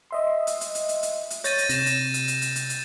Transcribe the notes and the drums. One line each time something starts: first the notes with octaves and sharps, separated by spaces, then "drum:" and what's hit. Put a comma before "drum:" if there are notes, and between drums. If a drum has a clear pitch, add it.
D#5 E5 C6
drum: hi-hat
drum: hi-hat
drum: hi-hat
drum: hi-hat
drum: hi-hat
drum: hi-hat
C#5 G6 A6 A#6 D#7, drum: hi-hat
drum: hi-hat
C3 A#6 E7, drum: hi-hat
drum: hi-hat
drum: hi-hat
drum: hi-hat
drum: hi-hat
drum: hi-hat
drum: hi-hat